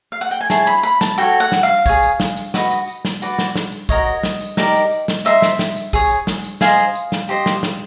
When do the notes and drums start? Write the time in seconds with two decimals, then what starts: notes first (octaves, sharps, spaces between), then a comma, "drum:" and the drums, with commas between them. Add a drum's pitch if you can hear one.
0.12 F5
0.21 F#5
0.31 G5
0.41 G#5
0.50 E4 G#4 C#5 A5, drum: snare
0.67 B5, drum: tambourine
0.83 B5, drum: tambourine
1.01 A5, drum: snare
1.18 F#4 A4 C#5 G5, drum: tambourine
1.40 F#5
1.52 drum: snare
1.63 F5
1.86 G#4 C#5, drum: kick, tambourine
2.03 drum: tambourine
2.20 drum: snare
2.37 drum: tambourine
2.54 F#4 B4 D#5, drum: snare
2.71 drum: tambourine
2.88 drum: tambourine
3.05 drum: snare
3.22 F#4 B4 D5, drum: tambourine
3.39 drum: snare
3.56 drum: snare
3.73 drum: tambourine
3.89 F#4 A#4 C#5 D#5, drum: kick, tambourine
4.06 drum: tambourine
4.23 drum: snare
4.40 drum: tambourine
4.57 D#4 G4 A#4 D5, drum: snare
4.74 drum: tambourine
4.91 drum: tambourine
5.08 drum: snare
5.25 D#4 G4 C5 D#5 E5, drum: tambourine
5.42 drum: snare
5.59 drum: snare
5.76 drum: tambourine
5.93 G#4 C#5, drum: kick, tambourine
6.10 drum: tambourine
6.27 drum: snare
6.44 drum: tambourine
6.61 G#4 C5 D#5 F5, drum: snare
6.78 drum: tambourine
6.95 drum: tambourine
7.12 drum: snare
7.29 G4 C5 D#5
7.46 drum: snare
7.63 drum: snare